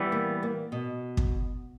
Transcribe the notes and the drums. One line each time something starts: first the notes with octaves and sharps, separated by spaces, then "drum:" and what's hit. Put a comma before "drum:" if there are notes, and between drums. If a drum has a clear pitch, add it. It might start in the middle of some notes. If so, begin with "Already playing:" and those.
Already playing: E3 G3 B3
A#3
A#3
B2
drum: kick